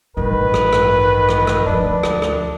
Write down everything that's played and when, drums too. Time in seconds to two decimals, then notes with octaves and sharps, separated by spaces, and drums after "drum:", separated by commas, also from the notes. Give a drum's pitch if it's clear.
0.17 A1 G2 D#3 B4
0.54 drum: rim click
0.73 drum: rim click
1.29 drum: rim click
1.47 drum: rim click
1.66 D2 F3 D4
2.03 drum: rim click
2.22 drum: rim click